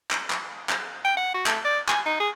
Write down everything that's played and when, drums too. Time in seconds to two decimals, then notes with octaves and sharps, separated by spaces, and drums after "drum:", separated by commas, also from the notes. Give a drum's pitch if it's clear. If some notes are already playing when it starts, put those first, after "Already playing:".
0.11 drum: clap
0.30 drum: clap
0.69 drum: clap
1.05 G5
1.17 F#5
1.34 F#4
1.46 A3, drum: clap
1.65 D5
1.88 G#5, drum: clap
2.06 D#4
2.20 G#4